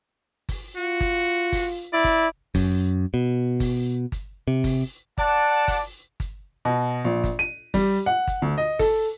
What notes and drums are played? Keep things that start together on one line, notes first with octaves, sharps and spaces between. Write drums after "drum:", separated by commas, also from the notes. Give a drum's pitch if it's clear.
drum: kick G1, open hi-hat
F4 F#4
drum: kick G1, hi-hat
drum: kick G1, open hi-hat
E4 D5
drum: kick G1, hi-hat
F#2, drum: kick G1, open hi-hat
B2
drum: kick G1, open hi-hat
drum: kick G1, hi-hat
C3
drum: kick G1, open hi-hat
D5 F#5 A5, drum: kick G1, hi-hat
drum: kick G1, open hi-hat
drum: kick G1, hi-hat
B2
A#1
drum: kick G1, hi-hat
D#7
G3, drum: kick G1, open hi-hat
F#5
drum: kick G1, hi-hat
D2
D#5
A4, drum: kick G1, open hi-hat